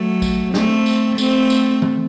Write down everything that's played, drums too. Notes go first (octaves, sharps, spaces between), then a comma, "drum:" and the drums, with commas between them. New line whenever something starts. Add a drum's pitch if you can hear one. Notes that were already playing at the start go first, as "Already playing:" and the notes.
Already playing: F#3 A3
drum: kick, tambourine
A3 C4, drum: snare
drum: tambourine
A3 C4, drum: tambourine
drum: tambourine
drum: tom E3